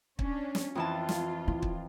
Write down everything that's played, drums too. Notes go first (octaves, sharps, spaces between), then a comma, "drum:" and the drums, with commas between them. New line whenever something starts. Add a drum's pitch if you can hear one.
C#4 D4, drum: kick
drum: snare
F2 E3 F4 A5
drum: snare
E4
drum: kick